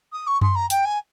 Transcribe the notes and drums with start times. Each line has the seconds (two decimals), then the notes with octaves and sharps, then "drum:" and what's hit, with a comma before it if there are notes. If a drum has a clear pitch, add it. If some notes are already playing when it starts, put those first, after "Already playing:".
0.13 D#6
0.27 C#6
0.41 C6, drum: tom F#2
0.55 A#5
0.70 G5, drum: hi-hat
0.85 G#5